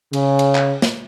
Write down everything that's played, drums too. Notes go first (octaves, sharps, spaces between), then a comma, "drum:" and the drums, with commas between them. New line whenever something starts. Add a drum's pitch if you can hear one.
C#3, drum: cymbal
drum: cymbal
drum: clap
drum: snare